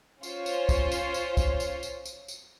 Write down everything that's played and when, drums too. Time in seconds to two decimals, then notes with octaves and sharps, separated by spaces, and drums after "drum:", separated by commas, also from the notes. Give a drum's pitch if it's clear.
0.23 C#4 F4 C5 C#5, drum: tambourine
0.46 drum: tambourine
0.69 drum: kick, tambourine
0.92 drum: tambourine
1.14 drum: tambourine
1.37 drum: kick, tambourine
1.60 drum: tambourine
1.83 drum: tambourine
2.06 drum: tambourine
2.28 drum: tambourine